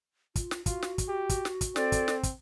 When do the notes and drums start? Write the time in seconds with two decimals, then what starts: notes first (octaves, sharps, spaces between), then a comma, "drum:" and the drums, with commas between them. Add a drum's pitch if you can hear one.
0.36 F4, drum: kick, hi-hat
0.51 drum: snare
0.66 F4 F#4, drum: kick, hi-hat
0.82 drum: snare
0.98 drum: kick, hi-hat
1.08 G4
1.29 drum: kick, hi-hat
1.45 drum: snare
1.61 drum: kick, hi-hat
1.76 C4 A4 D5, drum: snare
1.92 drum: kick, hi-hat
2.08 drum: snare
2.23 drum: kick, hi-hat